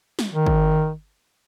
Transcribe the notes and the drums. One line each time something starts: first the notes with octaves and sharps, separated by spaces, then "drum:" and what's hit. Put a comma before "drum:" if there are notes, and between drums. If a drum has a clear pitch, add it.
drum: snare
D#3
drum: kick